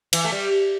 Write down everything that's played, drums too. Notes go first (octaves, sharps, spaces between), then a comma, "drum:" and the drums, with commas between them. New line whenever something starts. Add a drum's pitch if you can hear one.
E3, drum: cymbal
A3
G3